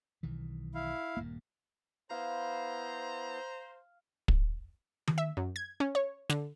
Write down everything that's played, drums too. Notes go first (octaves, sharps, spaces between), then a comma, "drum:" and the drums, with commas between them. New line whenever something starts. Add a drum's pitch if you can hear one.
B1 D#3 E3
E4 F5
D#1 G2 A#3
B3 E4 C5 F5 A#5
drum: kick
drum: tom D#3
E5
F#2
G#6
C#4
C#5
D3, drum: snare